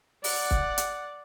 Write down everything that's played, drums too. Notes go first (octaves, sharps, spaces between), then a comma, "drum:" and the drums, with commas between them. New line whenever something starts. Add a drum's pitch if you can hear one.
D5 F#5, drum: open hi-hat
drum: kick
drum: hi-hat